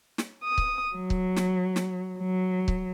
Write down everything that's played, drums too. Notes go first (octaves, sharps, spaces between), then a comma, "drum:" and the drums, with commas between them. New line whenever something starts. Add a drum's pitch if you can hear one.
drum: snare
D#6
drum: kick C#1
F#3
drum: kick C#1
drum: snare
drum: snare
F#3
drum: kick C#1